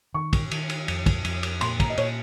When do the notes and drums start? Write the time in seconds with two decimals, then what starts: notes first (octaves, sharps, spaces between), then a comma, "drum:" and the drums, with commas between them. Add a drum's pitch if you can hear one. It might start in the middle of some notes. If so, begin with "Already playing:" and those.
0.14 D#3 C#6
0.33 drum: kick, cymbal
0.51 D#3, drum: cymbal
0.70 drum: cymbal
0.88 F2, drum: cymbal
1.06 drum: kick, cymbal
1.25 F2, drum: cymbal
1.43 drum: cymbal
1.61 A#2 C6, drum: cymbal
1.80 A#5, drum: kick, cymbal
1.90 D#5
1.97 A#2 C#5, drum: cymbal